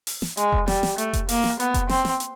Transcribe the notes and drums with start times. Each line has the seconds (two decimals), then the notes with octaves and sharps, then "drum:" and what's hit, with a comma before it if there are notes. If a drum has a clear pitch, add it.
0.07 drum: open hi-hat
0.22 drum: snare
0.37 G#3, drum: hi-hat
0.52 drum: kick F1
0.68 G3, drum: snare
0.83 drum: snare
0.98 A3, drum: hi-hat
1.13 drum: kick F1, hi-hat
1.29 A#3, drum: open hi-hat
1.44 drum: snare
1.60 B3, drum: hi-hat
1.74 drum: kick F1, hi-hat
1.89 C4, drum: snare
2.05 drum: snare
2.20 drum: hi-hat